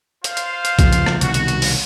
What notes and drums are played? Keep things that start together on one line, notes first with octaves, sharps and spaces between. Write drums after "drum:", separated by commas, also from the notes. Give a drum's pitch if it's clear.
F4 C5 F5, drum: hi-hat
drum: hi-hat
drum: hi-hat
C#3 F3, drum: kick B1, hi-hat
drum: hi-hat
drum: rim click
C2 B2 D#3 F#4, drum: hi-hat
drum: hi-hat
drum: hi-hat
drum: open hi-hat